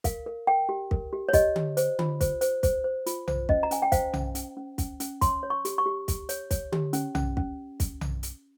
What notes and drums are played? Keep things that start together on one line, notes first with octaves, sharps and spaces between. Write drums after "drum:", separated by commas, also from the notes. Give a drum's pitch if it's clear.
A#4 F5, drum: kick, hi-hat
A#4
A#4 G5
G4
A#4, drum: kick
G4
C#5
G4 D#5, drum: kick, hi-hat
G4, drum: tom D3
C5, drum: hi-hat
F4, drum: tom D3
C5, drum: kick, hi-hat
C5, drum: hi-hat
C5, drum: kick, hi-hat
C5
F4, drum: hi-hat
C5, drum: tom B1
C#4 D#5, drum: kick
A#5
C#4 G#5, drum: hi-hat
G5
C5 F5, drum: kick, hi-hat
C#4, drum: tom B1
C#4, drum: hi-hat
C#4
C#4, drum: kick, hi-hat
C#4, drum: hi-hat
C#5 C6, drum: kick, hi-hat
C#5
C#6
G4, drum: hi-hat
C#6
G4
G4, drum: kick, hi-hat
C#5, drum: hi-hat
C#5, drum: kick, hi-hat
G4, drum: tom D3
C#4, drum: hi-hat
C#4, drum: tom B1
C#4, drum: kick
drum: kick, hi-hat
drum: tom B1
drum: hi-hat